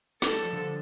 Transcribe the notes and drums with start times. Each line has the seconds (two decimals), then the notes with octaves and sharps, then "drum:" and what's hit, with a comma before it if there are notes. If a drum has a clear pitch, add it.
0.22 A3 A4, drum: snare
0.33 G3
0.43 F3
0.53 D3